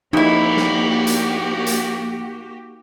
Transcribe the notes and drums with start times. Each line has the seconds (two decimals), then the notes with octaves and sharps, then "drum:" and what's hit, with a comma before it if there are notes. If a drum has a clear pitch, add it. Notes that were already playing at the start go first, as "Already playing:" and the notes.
0.13 F2 A#3 D#4 E4 F#4 G4, drum: cymbal
0.57 drum: snare
1.07 drum: hi-hat
1.66 drum: hi-hat